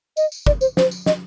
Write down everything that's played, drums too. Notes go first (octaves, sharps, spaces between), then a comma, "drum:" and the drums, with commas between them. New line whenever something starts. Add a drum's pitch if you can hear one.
D#5, drum: tambourine
drum: tambourine
D5, drum: kick
C5, drum: tambourine
C5, drum: snare
drum: tambourine
D#5, drum: snare